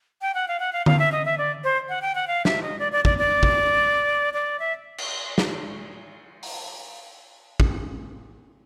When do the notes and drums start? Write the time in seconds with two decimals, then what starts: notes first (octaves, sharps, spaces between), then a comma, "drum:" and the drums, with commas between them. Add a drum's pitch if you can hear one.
0.22 G5
0.34 F#5
0.48 F5
0.60 F#5
0.73 F5
0.86 F5, drum: tom D3
0.99 E5
1.12 D#5
1.25 E5
1.38 D5
1.64 C5
1.89 F#5
2.02 G5
2.15 F#5
2.27 F5
2.45 E5, drum: snare
2.62 D#5
2.79 D5
2.92 D5
3.05 D5, drum: kick
3.18 D5
3.43 drum: kick
4.34 D5
4.59 E5
4.98 drum: cymbal
5.38 drum: snare
6.43 drum: open hi-hat
7.60 drum: kick